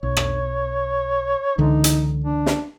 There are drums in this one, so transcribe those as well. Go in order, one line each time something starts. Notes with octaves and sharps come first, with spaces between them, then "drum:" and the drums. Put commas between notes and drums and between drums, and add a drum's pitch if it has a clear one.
B1 C#5
drum: rim click
C#2 D3 E3 D#4
drum: hi-hat
D4
drum: snare